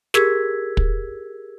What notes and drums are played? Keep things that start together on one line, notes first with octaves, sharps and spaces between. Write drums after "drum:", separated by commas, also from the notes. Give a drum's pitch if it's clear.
G4 G#4 A#4 E6 G#6 B6, drum: snare
drum: kick